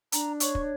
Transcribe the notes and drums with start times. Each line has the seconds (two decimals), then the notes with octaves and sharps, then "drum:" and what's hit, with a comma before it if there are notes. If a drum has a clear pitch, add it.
0.12 D4 A#5, drum: hi-hat
0.40 C#5 C#6, drum: hi-hat
0.55 drum: kick